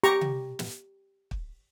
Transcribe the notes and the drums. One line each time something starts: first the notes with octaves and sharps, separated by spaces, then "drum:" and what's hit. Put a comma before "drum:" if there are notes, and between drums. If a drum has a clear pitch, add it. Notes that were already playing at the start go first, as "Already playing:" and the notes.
G4 A#5 C#6, drum: hi-hat
drum: tom C3
drum: snare
drum: kick